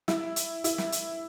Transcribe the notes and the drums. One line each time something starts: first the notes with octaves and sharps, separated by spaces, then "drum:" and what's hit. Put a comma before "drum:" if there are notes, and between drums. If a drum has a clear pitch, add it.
E4, drum: snare
drum: hi-hat
E4, drum: hi-hat
drum: snare
drum: hi-hat